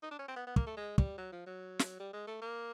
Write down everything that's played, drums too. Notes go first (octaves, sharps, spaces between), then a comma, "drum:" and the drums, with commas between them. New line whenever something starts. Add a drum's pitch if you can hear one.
D#4
D4
C#4
C4
B3
B3
A#3, drum: kick
A3
G#3
G3, drum: kick
F#3
F3
F#3
drum: snare
G3
G#3
A3
A#3